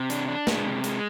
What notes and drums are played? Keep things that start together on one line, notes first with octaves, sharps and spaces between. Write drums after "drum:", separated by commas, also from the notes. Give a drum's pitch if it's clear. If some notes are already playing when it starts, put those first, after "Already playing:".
Already playing: C3
D4, drum: hi-hat
D4
G#3, drum: snare
C3
G#3, drum: hi-hat